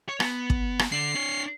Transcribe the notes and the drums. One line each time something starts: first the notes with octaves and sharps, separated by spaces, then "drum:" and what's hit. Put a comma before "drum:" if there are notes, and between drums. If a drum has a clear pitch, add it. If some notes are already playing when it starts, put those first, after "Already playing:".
C#5
B3, drum: rim click
drum: kick
drum: rim click
D3 D4 C7
D4 C#5